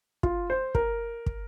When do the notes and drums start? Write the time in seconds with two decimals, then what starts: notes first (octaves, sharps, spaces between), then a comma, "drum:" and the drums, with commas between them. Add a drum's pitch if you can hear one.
0.23 F4, drum: kick
0.50 C5
0.75 A#4, drum: kick
1.26 drum: kick